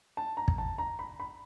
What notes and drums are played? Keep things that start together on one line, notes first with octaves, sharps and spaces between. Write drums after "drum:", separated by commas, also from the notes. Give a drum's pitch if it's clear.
A5
A#5
drum: kick
A5
A#5
B5
B5